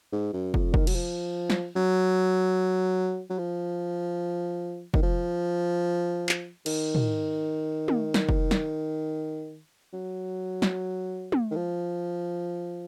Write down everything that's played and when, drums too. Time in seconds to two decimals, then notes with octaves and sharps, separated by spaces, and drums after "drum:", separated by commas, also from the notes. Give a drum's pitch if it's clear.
0.12 G#2
0.33 F#2
0.54 F2, drum: kick
0.74 D#3, drum: kick
0.87 F#3, drum: cymbal
0.95 F3
1.50 drum: snare
1.76 F#3
3.30 F#3
3.39 F3
4.94 D#3, drum: kick
5.03 F3
6.29 drum: clap
6.66 D#3, drum: cymbal
6.95 drum: tom
7.88 drum: tom
8.14 drum: snare
8.29 drum: kick
8.51 drum: snare
9.93 F#3
10.62 drum: snare
11.32 drum: tom
11.51 D#3
11.56 F3